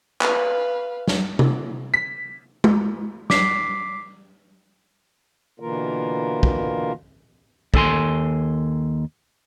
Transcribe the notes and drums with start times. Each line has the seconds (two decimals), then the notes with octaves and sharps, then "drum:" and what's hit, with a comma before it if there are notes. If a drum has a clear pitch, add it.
0.21 B4 F5, drum: clap
1.08 drum: snare
1.39 drum: tom C3
1.94 B6
2.64 drum: tom G#3
3.30 D6 B6 C7, drum: snare
5.60 B2 D3 E3 A#3 F4 A#4
6.43 drum: kick
7.74 D#2 A4 G#5 C6, drum: kick